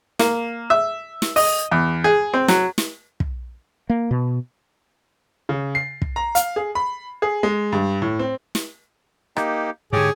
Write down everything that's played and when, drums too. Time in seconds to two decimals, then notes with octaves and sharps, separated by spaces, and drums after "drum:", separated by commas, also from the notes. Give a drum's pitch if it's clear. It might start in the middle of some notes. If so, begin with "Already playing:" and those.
0.19 A#3, drum: snare
0.70 E5
1.22 drum: snare
1.36 D#5, drum: open hi-hat
1.72 E2
2.04 G#4
2.34 C4
2.48 F#3, drum: snare
2.78 drum: snare
3.20 drum: kick
3.90 A#3
4.11 B2
5.49 C#3
5.75 C7
6.02 drum: kick
6.16 A#5
6.35 F5, drum: hi-hat
6.56 G#4
6.75 B5
7.22 G#4
7.43 G#3
7.72 G2
8.02 A2
8.19 C4
8.55 drum: snare
9.36 A#3 D#4 G4, drum: rim click
9.93 G#2 D3 G4 G#4 C#5 D6